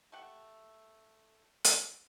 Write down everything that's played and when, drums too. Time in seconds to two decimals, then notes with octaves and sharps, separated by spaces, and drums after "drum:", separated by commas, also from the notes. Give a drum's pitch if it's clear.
0.12 A3 G4 F#5
1.65 drum: hi-hat